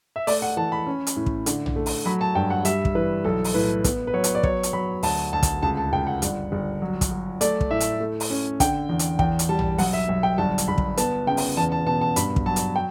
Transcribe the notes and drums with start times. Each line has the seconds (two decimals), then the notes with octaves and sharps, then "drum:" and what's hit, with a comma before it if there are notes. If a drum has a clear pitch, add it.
0.16 E5
0.27 A3 D5, drum: open hi-hat
0.42 F#5
0.57 E3 A5
0.72 B5
0.87 C#4
1.07 drum: hi-hat
1.16 A2
1.26 drum: kick
1.46 D3, drum: hi-hat
1.66 drum: tom A#1
1.76 A3
1.86 drum: open hi-hat
2.05 F#3 B5
2.21 A5
2.35 G2 G5
2.50 F#5
2.65 G3 E5, drum: hi-hat
2.85 drum: kick
2.95 E3 B4
3.24 B1 A4
3.44 drum: open hi-hat
3.54 A2 B4
3.84 B3, drum: kick, hi-hat
4.07 B4
4.13 F#3 C#5
4.24 drum: hi-hat
4.35 D5
4.43 F#3 C#5, drum: kick
4.63 drum: hi-hat
4.73 F#3 B5
5.03 D2 A5, drum: open hi-hat
5.32 D2 A5
5.43 drum: kick, hi-hat
5.62 C#2 A5
5.77 A5
5.92 C#2 G5
6.07 F#5
6.22 G1, drum: hi-hat
6.52 G1
6.82 F#3
7.01 drum: kick, hi-hat
7.11 F#3
7.41 A3 D5, drum: hi-hat
7.61 drum: kick
7.71 A2 E5
7.80 drum: hi-hat
8.00 A3
8.20 drum: open hi-hat
8.30 C#4
8.60 D3 G5, drum: kick, hi-hat
8.89 E2
8.99 drum: hi-hat
9.19 E2 G5, drum: kick
9.39 drum: hi-hat
9.49 G3 A5
9.59 drum: tom A#1
9.78 B1 F#5, drum: open hi-hat
9.93 E5
10.09 B1
10.23 G5
10.38 G1 A5
10.58 drum: hi-hat
10.68 G1 B5
10.78 drum: kick
10.97 B3 A5, drum: hi-hat
11.27 C#3 G5
11.37 drum: open hi-hat
11.57 E2 A5
11.72 A5
11.86 B2 A5
12.01 A5
12.16 G2 B5, drum: hi-hat
12.36 drum: kick
12.46 F#3 A5
12.56 drum: hi-hat
12.76 G5